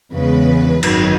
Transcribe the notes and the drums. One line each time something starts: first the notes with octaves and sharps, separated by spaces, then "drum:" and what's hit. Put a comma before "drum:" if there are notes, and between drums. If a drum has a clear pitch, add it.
E2 C#3 G#3 B3 B4
G#1 F#2 D#3 F#3, drum: cymbal